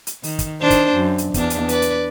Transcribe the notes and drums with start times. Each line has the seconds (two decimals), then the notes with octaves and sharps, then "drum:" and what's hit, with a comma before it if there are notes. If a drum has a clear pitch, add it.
0.07 drum: hi-hat
0.23 D#3, drum: open hi-hat
0.39 drum: kick, hi-hat
0.61 D#3 D4 C5
0.70 drum: kick, hi-hat
0.95 F#2
1.18 drum: hi-hat
1.34 E2 D4, drum: kick, hi-hat
1.50 drum: hi-hat
1.69 B4 D5, drum: hi-hat
1.82 drum: hi-hat